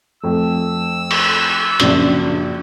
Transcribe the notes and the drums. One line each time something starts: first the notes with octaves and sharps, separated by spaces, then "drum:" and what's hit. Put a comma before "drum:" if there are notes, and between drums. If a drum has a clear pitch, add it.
F2 A3 E6
drum: cymbal
A#1 F#2 A#2 C#3 D4, drum: hi-hat